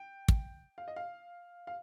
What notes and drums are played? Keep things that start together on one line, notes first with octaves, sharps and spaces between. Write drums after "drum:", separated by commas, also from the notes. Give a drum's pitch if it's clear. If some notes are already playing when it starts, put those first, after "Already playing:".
Already playing: G5
drum: kick
F5
D#5
F5
F5